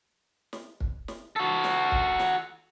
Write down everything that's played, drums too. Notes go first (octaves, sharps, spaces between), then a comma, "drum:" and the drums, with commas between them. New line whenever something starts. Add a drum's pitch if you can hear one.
drum: snare
drum: kick
drum: snare
F#4 A4
drum: snare
drum: kick
drum: snare